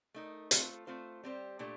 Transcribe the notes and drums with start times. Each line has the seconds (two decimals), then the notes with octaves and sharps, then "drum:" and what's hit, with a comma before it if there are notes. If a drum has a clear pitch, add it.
0.14 A3 D#4 A#4
0.51 A3 C4 F4 A4 C5, drum: hi-hat
0.87 A3 C4 F4 C5
1.23 G3 C4 G4 C5
1.59 A#2 A3 D4 G4